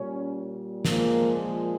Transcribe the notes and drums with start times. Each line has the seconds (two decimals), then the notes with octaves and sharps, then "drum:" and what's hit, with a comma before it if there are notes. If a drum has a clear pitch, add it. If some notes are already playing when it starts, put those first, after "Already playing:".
Already playing: A#2 G3 C#4
0.85 A#2 F3 G#3 A#3, drum: snare